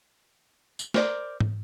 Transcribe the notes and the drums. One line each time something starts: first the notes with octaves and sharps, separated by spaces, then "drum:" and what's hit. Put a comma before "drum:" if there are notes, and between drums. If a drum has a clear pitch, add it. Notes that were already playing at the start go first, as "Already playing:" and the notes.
drum: tambourine
A#4 C5 D5, drum: snare
drum: tom G#2